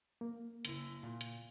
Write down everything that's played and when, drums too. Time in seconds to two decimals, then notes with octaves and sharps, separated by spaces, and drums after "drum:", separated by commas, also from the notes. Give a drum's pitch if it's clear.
0.21 A#3
0.65 F#1 E4, drum: hi-hat
1.03 A#2
1.21 drum: hi-hat